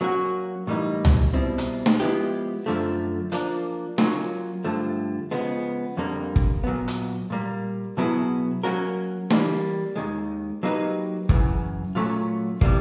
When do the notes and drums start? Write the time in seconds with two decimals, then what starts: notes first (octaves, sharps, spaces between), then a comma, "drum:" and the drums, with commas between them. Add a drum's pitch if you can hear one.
0.01 F#3 A#3 C#4 F#4
0.67 A2 E3 G3 A#3 D#4
1.05 drum: tom
1.34 B2 G3 C4 E4
1.58 drum: hi-hat
1.86 drum: snare
2.00 F3 G#3 B3 E4 G4
2.66 F#2 D3 F3 A3
3.32 F3 A#3 D4, drum: hi-hat
3.98 F#3 A#3 C#4 F4, drum: snare
4.65 G2 D3 F3 A3
5.31 C#3 F3 G#3 B3
5.97 F2 D3 G3 A#3
6.36 drum: kick
6.64 A#2 F#3 B3
6.88 drum: hi-hat
7.30 A#2 G3 A#3
7.97 B2 F#3 B3 E4 G#4
8.63 F#3 A#3 C#4 F#4 A#4
9.30 E3 G3 A#3, drum: snare
9.96 D#2 D#3 G#3
10.63 F#3 A#3 D#4 G4 B4
11.29 F#2 C#3 E3, drum: kick
11.95 A#2 F#3 A3 C#4 F4
12.61 C3 E3 G3 A#3, drum: kick